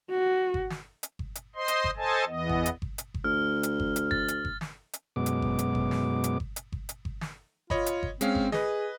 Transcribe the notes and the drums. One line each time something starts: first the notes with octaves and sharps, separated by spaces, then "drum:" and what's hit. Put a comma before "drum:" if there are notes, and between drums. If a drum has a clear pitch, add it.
F#4
drum: kick G1
drum: snare
drum: hi-hat
drum: kick G1
drum: hi-hat
C5 D#5 C6
drum: hi-hat
drum: kick G1
A4 C5 D#5 G#5 A5
E2 E3 B3 D#5
drum: kick G1
drum: hi-hat
drum: kick G1
drum: hi-hat
drum: kick G1
D2 F6
drum: hi-hat
drum: kick G1
drum: hi-hat
A6, drum: kick G1
drum: hi-hat
drum: kick G1
drum: snare
drum: hi-hat
F#2 B2 G#3 B3 D6
drum: hi-hat
drum: kick G1
drum: hi-hat
drum: kick G1
drum: snare
drum: hi-hat
drum: kick G1
drum: hi-hat
drum: kick G1
drum: hi-hat
drum: kick G1
drum: snare
F4 C#5 D#5 B5, drum: kick G1
drum: hi-hat
drum: kick G1
G#3 C4 C#4 F5, drum: hi-hat
drum: kick G1
G#4 B4 D#5, drum: snare